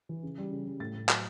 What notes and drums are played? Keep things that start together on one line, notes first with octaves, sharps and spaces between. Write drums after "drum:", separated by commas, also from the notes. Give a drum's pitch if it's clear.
E3
C#3
G3
C#3
G3
A2 A6
A2
F#3, drum: clap